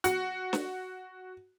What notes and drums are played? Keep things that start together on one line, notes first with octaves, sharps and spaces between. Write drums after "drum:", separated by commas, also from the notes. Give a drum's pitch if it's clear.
F#4, drum: hi-hat
drum: snare